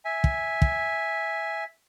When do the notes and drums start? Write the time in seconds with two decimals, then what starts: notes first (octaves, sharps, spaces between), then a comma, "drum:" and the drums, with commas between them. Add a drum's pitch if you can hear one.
0.05 E5 G#5
0.24 drum: kick
0.62 drum: kick